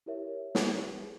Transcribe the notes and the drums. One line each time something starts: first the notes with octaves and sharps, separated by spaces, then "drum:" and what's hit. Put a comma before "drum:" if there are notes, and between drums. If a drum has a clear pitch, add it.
E4 G4 A#4 C#5 E5
E4 G4 B4, drum: snare
G#4